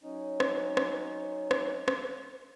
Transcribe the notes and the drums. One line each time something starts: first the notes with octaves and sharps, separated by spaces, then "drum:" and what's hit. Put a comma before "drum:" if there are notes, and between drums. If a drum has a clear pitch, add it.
F#3 C#4 D#4
drum: rim click
drum: rim click
drum: rim click
drum: rim click